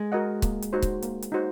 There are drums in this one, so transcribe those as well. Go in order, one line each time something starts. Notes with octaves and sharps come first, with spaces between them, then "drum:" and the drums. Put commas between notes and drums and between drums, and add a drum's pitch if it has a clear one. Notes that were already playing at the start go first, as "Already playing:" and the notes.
Already playing: G#3
F#4 A#4 D#5 F#5
A#3, drum: kick C#1, hi-hat
drum: hi-hat
D#4 F#4 C5
drum: kick C#1, hi-hat
A#3, drum: hi-hat
drum: hi-hat
D#4 F#4 C5